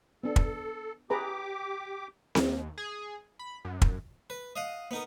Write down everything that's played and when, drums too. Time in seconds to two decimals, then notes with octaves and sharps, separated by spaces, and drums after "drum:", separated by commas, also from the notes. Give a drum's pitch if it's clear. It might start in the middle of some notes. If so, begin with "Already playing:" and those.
0.23 B3 D4 A4
0.36 drum: kick
1.10 G4 G#4 B4 A#5 D6
2.35 D#2, drum: snare C4
2.78 G#4
3.39 B5
3.65 F#2
3.82 drum: kick
4.30 B4
4.56 D#5 F5 F#5
4.91 B3 D#4 A#4